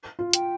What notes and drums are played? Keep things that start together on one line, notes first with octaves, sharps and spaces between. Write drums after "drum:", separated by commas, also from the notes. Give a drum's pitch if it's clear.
F4
G5, drum: hi-hat